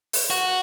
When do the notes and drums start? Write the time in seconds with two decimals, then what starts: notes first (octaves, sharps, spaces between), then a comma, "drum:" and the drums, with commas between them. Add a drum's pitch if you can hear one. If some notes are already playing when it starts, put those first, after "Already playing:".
0.13 drum: open hi-hat
0.30 F#4